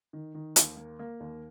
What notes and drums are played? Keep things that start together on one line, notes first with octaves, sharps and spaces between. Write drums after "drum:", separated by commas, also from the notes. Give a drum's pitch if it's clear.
D#3
D#3
D#2, drum: hi-hat
A#3
A#3
D#2